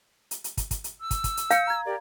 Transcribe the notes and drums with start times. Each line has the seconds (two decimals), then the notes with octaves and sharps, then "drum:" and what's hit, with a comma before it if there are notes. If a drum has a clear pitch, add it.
0.31 drum: hi-hat
0.44 drum: hi-hat
0.57 drum: kick, hi-hat
0.71 drum: kick, hi-hat
0.84 drum: hi-hat
1.00 E6
1.11 drum: kick, hi-hat
1.24 drum: kick, hi-hat
1.37 drum: hi-hat
1.51 F5 G6 C#7, drum: hi-hat
1.67 A#5 G#6
1.86 G4 A#4 D5